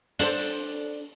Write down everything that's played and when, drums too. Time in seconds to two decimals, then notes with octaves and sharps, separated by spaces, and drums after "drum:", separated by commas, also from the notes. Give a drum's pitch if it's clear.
0.19 D4 A4 C5, drum: hi-hat
0.39 drum: tambourine